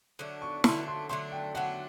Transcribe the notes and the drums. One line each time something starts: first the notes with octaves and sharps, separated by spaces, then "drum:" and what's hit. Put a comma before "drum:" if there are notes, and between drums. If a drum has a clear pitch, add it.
D3 F#3 A3 D4
C#6
D3 F#3 A3 D4 C6, drum: snare
C6
D3 F#3 A3 D4 C6
G5
D3 F#3 A3 D4 F#5